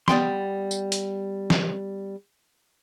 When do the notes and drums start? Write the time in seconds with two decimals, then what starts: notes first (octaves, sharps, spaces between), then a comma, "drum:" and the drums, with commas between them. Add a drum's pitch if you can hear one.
0.08 G3 B3 G5 C6, drum: snare
0.71 drum: tambourine
0.92 drum: hi-hat
1.50 drum: snare